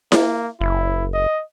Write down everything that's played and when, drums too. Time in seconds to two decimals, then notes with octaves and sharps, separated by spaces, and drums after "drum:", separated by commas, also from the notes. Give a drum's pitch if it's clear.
0.12 A#3, drum: snare E4
0.61 F#1 E4
1.14 D#5